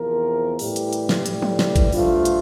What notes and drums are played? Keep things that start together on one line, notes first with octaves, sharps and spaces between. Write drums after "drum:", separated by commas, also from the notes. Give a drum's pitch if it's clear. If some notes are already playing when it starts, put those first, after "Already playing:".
Already playing: E2 C3 F3 A#4
A2 E3 G3 G4, drum: open hi-hat
drum: hi-hat
drum: hi-hat
drum: snare
A2 E3 G3, drum: hi-hat
drum: tom F3
drum: snare
drum: kick G#1, hi-hat
G2 F3 A3 F4, drum: open hi-hat
drum: hi-hat